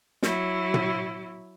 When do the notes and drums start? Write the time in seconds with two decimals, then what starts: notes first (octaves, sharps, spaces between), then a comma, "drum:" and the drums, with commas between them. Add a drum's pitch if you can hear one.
0.22 F#3 E4, drum: snare
0.74 drum: tom